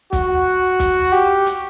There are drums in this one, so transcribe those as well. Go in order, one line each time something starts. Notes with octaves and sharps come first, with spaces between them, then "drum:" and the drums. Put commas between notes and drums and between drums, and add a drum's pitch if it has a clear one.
F#4, drum: kick, hi-hat
drum: kick, hi-hat
G4
drum: hi-hat